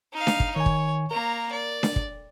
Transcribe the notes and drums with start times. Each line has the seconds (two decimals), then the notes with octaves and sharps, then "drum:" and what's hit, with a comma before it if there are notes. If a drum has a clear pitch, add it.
0.14 D#4 F5
0.27 drum: snare D4
0.40 drum: kick
0.56 D#3 C#5 G#5
0.66 drum: kick
1.11 A#3 A#4 A#5
1.52 D5
1.83 drum: snare D4
1.96 drum: kick